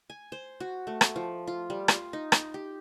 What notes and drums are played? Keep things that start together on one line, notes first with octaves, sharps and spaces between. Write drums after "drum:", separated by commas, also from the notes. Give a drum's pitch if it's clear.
G#5
C5
F#4
A3
drum: rim click
F3
F4
G3
F4, drum: rim click
D#4
drum: rim click
G4